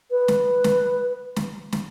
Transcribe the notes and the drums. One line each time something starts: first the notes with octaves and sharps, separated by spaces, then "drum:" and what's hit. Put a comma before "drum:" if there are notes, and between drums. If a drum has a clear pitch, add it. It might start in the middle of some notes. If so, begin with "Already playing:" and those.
B4
drum: snare
drum: snare
drum: snare
drum: snare